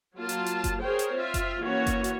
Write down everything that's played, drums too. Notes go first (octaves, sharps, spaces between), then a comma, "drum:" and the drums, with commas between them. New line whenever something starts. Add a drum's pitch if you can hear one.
F#3 A#3 F4 A5
drum: hi-hat
drum: hi-hat
drum: kick F#1, hi-hat
G#4 A#4 C5 C#5 G5
drum: hi-hat
C4 F4 E5
drum: kick F#1, hi-hat
E3 A#3 C#4 F#4 C#5
drum: kick F#1, hi-hat
drum: hi-hat